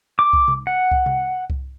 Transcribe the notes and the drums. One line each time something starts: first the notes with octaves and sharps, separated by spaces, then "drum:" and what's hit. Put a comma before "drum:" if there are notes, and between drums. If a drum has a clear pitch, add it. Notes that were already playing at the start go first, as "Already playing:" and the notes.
D6
drum: kick C2
drum: tom C3
F#5
drum: kick C2
drum: tom C3
drum: kick C2